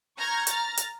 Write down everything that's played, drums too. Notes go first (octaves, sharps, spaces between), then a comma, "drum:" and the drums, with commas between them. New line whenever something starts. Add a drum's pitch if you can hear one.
A#5 C#6 F6 G6 G#6
A#5 F6 A6, drum: hi-hat
drum: hi-hat